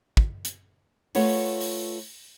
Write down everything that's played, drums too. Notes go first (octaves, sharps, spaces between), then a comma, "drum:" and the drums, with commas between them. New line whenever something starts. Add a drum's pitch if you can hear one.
drum: kick
drum: hi-hat
A3 F4 B4 C#5 F#5, drum: open hi-hat
drum: open hi-hat